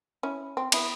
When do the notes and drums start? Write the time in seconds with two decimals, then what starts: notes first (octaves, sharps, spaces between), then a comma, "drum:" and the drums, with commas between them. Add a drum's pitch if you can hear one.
0.23 C#4 E4
0.57 C4
0.72 B3 E4, drum: cymbal